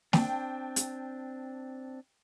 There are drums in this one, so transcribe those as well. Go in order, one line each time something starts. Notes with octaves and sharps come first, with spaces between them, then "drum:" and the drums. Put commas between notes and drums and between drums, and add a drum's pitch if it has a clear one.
C4 D4 G5 A5, drum: snare
drum: hi-hat